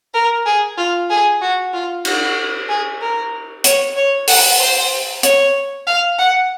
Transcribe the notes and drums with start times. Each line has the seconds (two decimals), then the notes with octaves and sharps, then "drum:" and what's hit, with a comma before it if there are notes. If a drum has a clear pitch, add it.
0.14 A#4
0.46 G#4
0.78 F4
1.09 G#4
1.41 F#4
1.73 F4
2.05 F#4, drum: cymbal
2.69 G#4
3.01 A#4
3.64 C#5, drum: hi-hat
3.96 C#5
4.28 F#5, drum: open hi-hat
4.60 C5
5.23 C#5, drum: hi-hat
5.87 F5
6.18 F#5